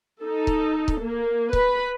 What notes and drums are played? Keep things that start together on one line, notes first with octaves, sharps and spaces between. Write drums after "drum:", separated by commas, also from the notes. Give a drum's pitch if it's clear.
D#4 A4
drum: kick C#1
drum: kick C#1
A#3
B4 B5, drum: kick C#1